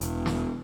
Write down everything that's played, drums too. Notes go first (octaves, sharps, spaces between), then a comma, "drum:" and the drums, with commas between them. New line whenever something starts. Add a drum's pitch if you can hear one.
E1, drum: hi-hat
drum: snare